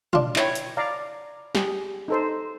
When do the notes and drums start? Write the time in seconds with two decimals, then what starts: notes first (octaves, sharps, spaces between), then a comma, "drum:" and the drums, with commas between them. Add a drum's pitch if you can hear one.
0.13 D4 F4, drum: tom
0.36 E4 C#5 G5, drum: clap
0.55 drum: hi-hat
0.77 D5 F5 A#5
1.55 G4 G#4, drum: snare
2.08 D#4 A4 C5